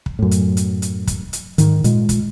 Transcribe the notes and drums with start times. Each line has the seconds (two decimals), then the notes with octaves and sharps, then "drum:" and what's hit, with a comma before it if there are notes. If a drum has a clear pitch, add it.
0.06 drum: kick
0.19 F#2 A2
0.31 drum: hi-hat
0.57 drum: hi-hat
0.82 drum: hi-hat
1.07 drum: kick, hi-hat
1.33 drum: hi-hat
1.58 G#2 D#3, drum: hi-hat
1.84 A#2 G#3, drum: hi-hat
2.09 drum: kick, hi-hat